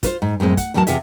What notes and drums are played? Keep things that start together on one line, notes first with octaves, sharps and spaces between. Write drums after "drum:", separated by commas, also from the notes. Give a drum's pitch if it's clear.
F4 B4 C5, drum: kick, hi-hat
G#2
F#2 A2 G#3 C4
F#5, drum: kick, hi-hat
E2 A2 F#3 A#4 F#5 A5
E2 C3 F4 G#4 E5, drum: hi-hat